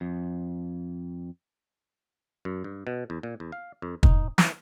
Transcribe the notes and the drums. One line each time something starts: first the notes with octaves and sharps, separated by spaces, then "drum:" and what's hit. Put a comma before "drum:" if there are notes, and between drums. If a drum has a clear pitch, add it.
F2
F#2
G2
B2
E2
A#2
E2
F5
F2
D#4, drum: kick
E3, drum: snare